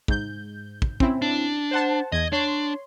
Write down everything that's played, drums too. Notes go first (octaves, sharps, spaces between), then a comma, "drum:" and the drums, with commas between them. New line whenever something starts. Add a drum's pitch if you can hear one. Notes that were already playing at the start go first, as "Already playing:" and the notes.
G#2 G6, drum: kick
drum: kick
C4 C#4 E4, drum: kick
D4
C5 F#5 A5
E2 D#5 G#6
D4 C#5 C6